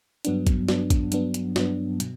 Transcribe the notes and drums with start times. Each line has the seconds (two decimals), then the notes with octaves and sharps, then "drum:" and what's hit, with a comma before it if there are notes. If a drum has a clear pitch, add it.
0.25 G2 F#3 B3 D4, drum: hi-hat
0.47 drum: kick A#1, hi-hat
0.69 G2 F#3 B3 D4, drum: snare
0.90 drum: kick A#1, hi-hat
1.12 G2 F#3 B3 D4, drum: hi-hat
1.34 drum: hi-hat
1.56 G2 F#3 B3 D4, drum: snare
2.00 B2, drum: hi-hat